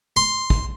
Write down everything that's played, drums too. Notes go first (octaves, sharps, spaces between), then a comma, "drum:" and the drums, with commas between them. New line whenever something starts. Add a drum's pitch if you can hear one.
C6
drum: kick